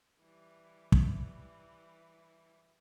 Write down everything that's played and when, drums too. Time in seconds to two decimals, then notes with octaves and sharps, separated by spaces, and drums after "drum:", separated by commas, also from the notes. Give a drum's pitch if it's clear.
0.22 E3 G3
0.92 drum: kick